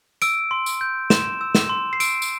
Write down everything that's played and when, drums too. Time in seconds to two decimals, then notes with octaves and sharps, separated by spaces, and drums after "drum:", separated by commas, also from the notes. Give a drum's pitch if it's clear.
0.22 E6 D7, drum: tambourine
0.51 C6
0.66 drum: tambourine
0.81 G6
1.10 C6 E7, drum: snare
1.41 E6
1.55 E7, drum: snare
1.69 C6
1.93 C7
2.00 E6 D7, drum: tambourine
2.22 drum: tambourine